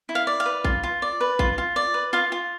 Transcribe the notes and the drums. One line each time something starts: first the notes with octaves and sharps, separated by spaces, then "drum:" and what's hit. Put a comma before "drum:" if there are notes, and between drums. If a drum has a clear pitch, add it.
E4
F5
D5
F5
B4
F4, drum: kick A1
F4
D5
B4
F4, drum: kick A1
F4
D5
B4
F4 F5
F4